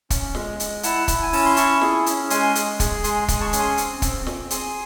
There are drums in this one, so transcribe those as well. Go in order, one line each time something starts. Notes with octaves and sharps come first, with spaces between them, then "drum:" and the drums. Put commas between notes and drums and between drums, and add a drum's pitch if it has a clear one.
C#4, drum: kick, hi-hat
G#3, drum: snare
G#3, drum: hi-hat
E4 F#5 A5, drum: hi-hat
E4, drum: kick, hi-hat
G#5
C#4 A5, drum: open hi-hat
C6
E4 A5 C#6, drum: hi-hat
G#4, drum: snare
C#4, drum: hi-hat
G#3 G#5 C6, drum: hi-hat
G#4, drum: hi-hat
G#4, drum: kick, hi-hat
G#3 G#5 C6, drum: hi-hat
G#5 C6
G#4, drum: kick, hi-hat
A5 C#6
C#4, drum: hi-hat
G#5 C6
C4, drum: hi-hat
C4, drum: kick, hi-hat
C4, drum: snare
G#4 G#5 C6, drum: hi-hat